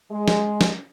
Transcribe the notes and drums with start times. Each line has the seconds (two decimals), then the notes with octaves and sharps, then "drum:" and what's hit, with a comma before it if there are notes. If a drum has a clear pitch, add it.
0.11 G#3
0.28 drum: snare
0.61 drum: snare